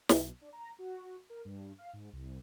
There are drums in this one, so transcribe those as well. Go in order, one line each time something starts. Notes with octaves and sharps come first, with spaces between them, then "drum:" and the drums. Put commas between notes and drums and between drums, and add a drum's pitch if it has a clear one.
B1, drum: snare
D4
A#5
F#4
A#4
G2
F5
G#2
C2